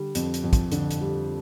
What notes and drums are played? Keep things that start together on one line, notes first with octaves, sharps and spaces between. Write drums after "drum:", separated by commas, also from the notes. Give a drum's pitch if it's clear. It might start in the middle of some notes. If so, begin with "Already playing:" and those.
Already playing: D3 G3
F2, drum: hi-hat
drum: hi-hat
F2
drum: kick, hi-hat
D3, drum: hi-hat
drum: hi-hat
G3